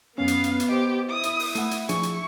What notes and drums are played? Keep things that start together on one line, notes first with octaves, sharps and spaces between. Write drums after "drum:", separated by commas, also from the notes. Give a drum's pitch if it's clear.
F#2 B3 C#4 F5
drum: hi-hat
drum: hi-hat
drum: hi-hat
G4 C5 D#5
E4 D#6
drum: hi-hat
drum: open hi-hat
A3 F#5, drum: hi-hat
drum: hi-hat
F3 D4 G#4 C#6, drum: hi-hat
drum: hi-hat